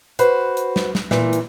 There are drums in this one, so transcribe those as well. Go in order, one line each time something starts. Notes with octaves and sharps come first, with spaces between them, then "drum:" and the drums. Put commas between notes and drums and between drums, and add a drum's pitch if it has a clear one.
F#4 B4 C5, drum: hi-hat
drum: hi-hat
drum: snare
drum: snare
A#2 E3, drum: snare
drum: hi-hat